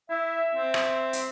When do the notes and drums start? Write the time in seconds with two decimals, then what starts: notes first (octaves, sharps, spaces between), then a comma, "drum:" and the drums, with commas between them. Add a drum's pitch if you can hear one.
0.10 E4 E5
0.54 C4
0.74 drum: rim click
1.13 drum: hi-hat